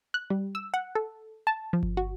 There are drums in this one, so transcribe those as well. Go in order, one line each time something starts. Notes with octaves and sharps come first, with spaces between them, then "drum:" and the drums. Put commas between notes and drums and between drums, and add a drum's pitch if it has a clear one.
F#6
G3
E6
F#5
A4
A5
F3
drum: kick G1
F#4